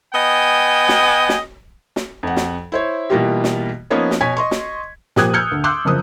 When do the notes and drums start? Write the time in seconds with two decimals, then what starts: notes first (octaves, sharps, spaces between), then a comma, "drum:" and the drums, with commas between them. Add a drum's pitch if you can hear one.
0.14 B3 D#5 G5 G#5
0.89 drum: snare
1.29 drum: snare
1.96 drum: snare
2.23 F2 F#5
2.36 drum: snare
2.72 E4 C5 C#5
3.10 B2 E3 G3 A#3 F4 G4
3.44 drum: snare
3.90 F3 A#3 B3 C#4 D#4 C#5
4.11 drum: snare
4.21 B2 C#5 G#5 G#6 B6
4.37 D#5 C6 C#6
4.51 drum: snare
5.16 A#2 F3 G4 D#6 F#6 G#6, drum: snare
5.34 E6 F6 G6 G#6 C#7
5.52 D2
5.64 C6 D6 E6 F#6 G6
5.85 F#1 F3 D#6